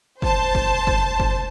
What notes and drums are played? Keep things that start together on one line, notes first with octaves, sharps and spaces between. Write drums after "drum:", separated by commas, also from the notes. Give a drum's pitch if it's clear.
C5 A5, drum: kick
drum: kick
drum: kick
drum: kick